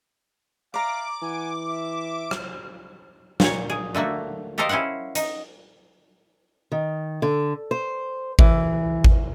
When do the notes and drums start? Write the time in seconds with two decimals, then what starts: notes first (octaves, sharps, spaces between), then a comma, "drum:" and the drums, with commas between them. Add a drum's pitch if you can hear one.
0.74 D5 E5 F5 A#5 D6
1.22 E3 F#5 G#5
1.70 E5
2.31 drum: rim click
3.40 A#2 C#5, drum: snare
3.70 G#4
3.95 D3 A3 A#3 F#4
4.58 G4 A4 A#4 C5 D#5 F5
4.69 C#4 E4 C5 F5 F#5
5.15 D#4, drum: hi-hat
6.72 D#3
7.22 D3
7.71 C5
8.39 E3, drum: kick G#1
9.04 drum: kick G#1